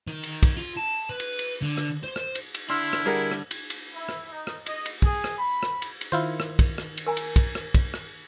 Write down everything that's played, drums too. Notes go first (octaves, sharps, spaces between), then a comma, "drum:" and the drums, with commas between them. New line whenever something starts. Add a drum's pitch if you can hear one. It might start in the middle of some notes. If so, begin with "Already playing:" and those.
D#3
drum: cymbal
drum: kick, cymbal
F4
A5
B4
drum: cymbal
drum: cymbal
D3
drum: rim click
C5
drum: rim click
drum: cymbal
drum: cymbal
D3 D4 E4 C6 E6 F6
drum: rim click
G3 G#4 A#4 F#5 G#6
drum: rim click
drum: cymbal
drum: cymbal
E4
drum: rim click
D#4
drum: rim click
D#5, drum: cymbal
drum: cymbal
G#4, drum: kick
drum: rim click
B5
drum: rim click
drum: cymbal
drum: cymbal
D#3 E4 F4 C5
drum: rim click
drum: kick, cymbal
drum: rim click
drum: cymbal
A#4 G#5 A#5
drum: cymbal
drum: kick, cymbal
drum: rim click
drum: kick, cymbal
drum: rim click